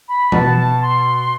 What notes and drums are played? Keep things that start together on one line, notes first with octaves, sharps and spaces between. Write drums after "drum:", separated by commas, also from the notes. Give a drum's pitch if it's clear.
B5
B2 B3 A5, drum: tom E3
A5
C6